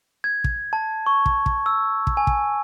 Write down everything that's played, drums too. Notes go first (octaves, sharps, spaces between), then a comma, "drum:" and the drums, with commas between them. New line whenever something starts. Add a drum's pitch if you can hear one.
G#6
drum: kick
A5
C#6
drum: kick
drum: kick
E6
drum: kick
G#5
drum: kick